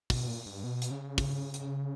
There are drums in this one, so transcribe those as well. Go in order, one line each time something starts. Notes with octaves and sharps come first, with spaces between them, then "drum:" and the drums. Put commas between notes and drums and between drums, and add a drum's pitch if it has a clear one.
B2, drum: kick, open hi-hat
A#2
G2
B2
drum: hi-hat
C#3
drum: kick, open hi-hat
drum: hi-hat